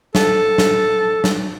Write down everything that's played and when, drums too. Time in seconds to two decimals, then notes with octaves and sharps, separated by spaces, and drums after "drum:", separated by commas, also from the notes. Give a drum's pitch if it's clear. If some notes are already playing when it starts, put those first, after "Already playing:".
0.15 A4, drum: snare
0.58 drum: snare
1.24 drum: snare